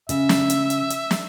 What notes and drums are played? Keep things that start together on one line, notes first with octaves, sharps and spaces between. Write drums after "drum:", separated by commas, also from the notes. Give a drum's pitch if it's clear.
C#3 E5, drum: hi-hat
drum: snare
drum: hi-hat
drum: hi-hat
drum: hi-hat
drum: snare